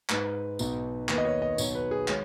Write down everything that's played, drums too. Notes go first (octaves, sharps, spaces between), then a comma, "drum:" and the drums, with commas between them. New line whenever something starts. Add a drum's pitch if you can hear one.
G#2 G#3 D#4 B4, drum: clap
B1 B2 B3 D#4, drum: tambourine
D#2 D#3 B3 B4, drum: clap
D#5
C#5
D#5
B1 B2 F#3 D#4 C#5, drum: tambourine
B4
G#4
D#3 G#3 C#5, drum: clap